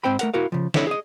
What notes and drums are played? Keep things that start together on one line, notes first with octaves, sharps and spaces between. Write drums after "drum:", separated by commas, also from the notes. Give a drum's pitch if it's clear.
G#2 C4 C5 G5 B5
A3 A#4 F#5, drum: hi-hat
E4 F#4 A#4 F5
C#3 F3
D4 E4 A4 C#5 D#5, drum: snare
G#4 D#5